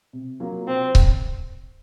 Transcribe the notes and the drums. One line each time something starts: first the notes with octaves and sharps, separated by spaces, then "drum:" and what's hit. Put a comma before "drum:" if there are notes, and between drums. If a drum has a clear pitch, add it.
C3
F#3 A#3 F4 A#4
C3 C4
drum: kick C#1